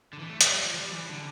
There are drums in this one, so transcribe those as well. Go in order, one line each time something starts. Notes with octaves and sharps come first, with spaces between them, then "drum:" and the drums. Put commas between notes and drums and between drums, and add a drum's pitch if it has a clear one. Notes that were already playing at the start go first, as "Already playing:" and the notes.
D3
E3
A3
G3, drum: hi-hat
G3
F3
F3
G3
E3
D3